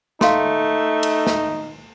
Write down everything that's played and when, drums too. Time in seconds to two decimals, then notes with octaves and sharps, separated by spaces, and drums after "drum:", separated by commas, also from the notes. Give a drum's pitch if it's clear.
0.21 A3 D#4 F5 C6, drum: snare
1.03 drum: cymbal
1.27 drum: snare